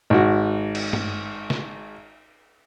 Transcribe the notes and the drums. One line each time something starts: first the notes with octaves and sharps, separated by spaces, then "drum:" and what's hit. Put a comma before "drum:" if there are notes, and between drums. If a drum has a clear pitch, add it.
G#1 F#4
drum: cymbal
drum: tom
drum: snare